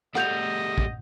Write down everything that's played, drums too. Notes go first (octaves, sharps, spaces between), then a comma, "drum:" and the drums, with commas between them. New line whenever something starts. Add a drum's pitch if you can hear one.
G3 A3 D#5 F#5 G6 F7, drum: rim click
drum: kick